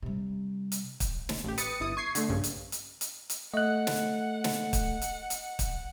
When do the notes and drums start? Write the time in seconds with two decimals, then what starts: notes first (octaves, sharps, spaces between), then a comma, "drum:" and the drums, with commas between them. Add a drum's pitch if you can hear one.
0.02 C3 G3
0.72 drum: hi-hat
1.00 drum: kick, hi-hat
1.29 drum: snare
1.44 A1 G4
1.58 B4 D#6 A6 C#7, drum: hi-hat
1.80 G1 E4 D#6
1.97 C#6 G#6 C7
2.15 D3 A3, drum: hi-hat
2.29 A#1 G2 C#3
2.44 drum: hi-hat
2.72 drum: hi-hat
3.01 drum: hi-hat
3.30 drum: hi-hat
3.54 A3 D#5 F#5 F#6
3.87 drum: snare
4.44 drum: snare
4.73 drum: kick, hi-hat
5.02 drum: hi-hat
5.30 drum: hi-hat
5.59 drum: kick, hi-hat